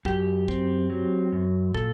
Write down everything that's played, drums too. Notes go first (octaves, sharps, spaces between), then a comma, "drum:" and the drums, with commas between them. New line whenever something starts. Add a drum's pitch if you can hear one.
F#2 G4, drum: kick
C4, drum: kick
F#3
F#2
A#2 A4, drum: kick